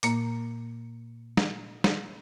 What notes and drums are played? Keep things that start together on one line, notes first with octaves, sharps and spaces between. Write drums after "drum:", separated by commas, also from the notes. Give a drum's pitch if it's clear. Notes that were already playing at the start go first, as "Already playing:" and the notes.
A#2 A#3, drum: hi-hat
drum: snare
drum: snare